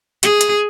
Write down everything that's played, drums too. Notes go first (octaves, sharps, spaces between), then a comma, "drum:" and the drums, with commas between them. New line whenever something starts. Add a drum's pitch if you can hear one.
G#4, drum: hi-hat
drum: hi-hat